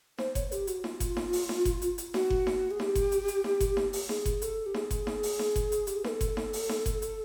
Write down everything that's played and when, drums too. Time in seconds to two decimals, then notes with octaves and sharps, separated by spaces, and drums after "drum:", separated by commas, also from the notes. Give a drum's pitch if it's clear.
0.18 C5, drum: snare D#4
0.35 C#5, drum: kick F#1, hi-hat
0.52 G4, drum: hi-hat
0.67 F#4, drum: hi-hat
0.84 F4, drum: snare D#4
1.00 drum: kick F#1, hi-hat
1.17 drum: snare D#4
1.33 drum: open hi-hat
1.49 drum: snare D#4
1.65 drum: kick F#1, hi-hat
1.82 drum: hi-hat
1.98 drum: hi-hat
2.14 F#4, drum: snare D#4
2.30 drum: kick F#1
2.47 drum: snare D#4
2.71 G#4
2.80 G4, drum: snare D#4
2.95 drum: kick F#1, hi-hat
3.12 drum: hi-hat
3.28 drum: hi-hat
3.44 drum: snare D#4
3.60 drum: kick F#1, hi-hat
3.77 drum: snare D#4
3.93 drum: open hi-hat
4.09 G#4, drum: snare D#4
4.25 drum: kick F#1, hi-hat
4.42 A4, drum: hi-hat
4.66 G4
4.74 G#4, drum: snare D#4
4.91 drum: kick F#1, hi-hat
5.07 drum: snare D#4
5.23 drum: open hi-hat
5.39 drum: snare D#4
5.56 drum: kick F#1, hi-hat
5.72 drum: hi-hat
5.87 G4, drum: hi-hat
5.96 G#4
6.04 B4, drum: snare D#4
6.08 A4
6.21 drum: kick F#1, hi-hat
6.37 drum: snare D#4
6.53 drum: open hi-hat
6.69 drum: snare D#4
6.86 drum: kick F#1, hi-hat
7.02 drum: hi-hat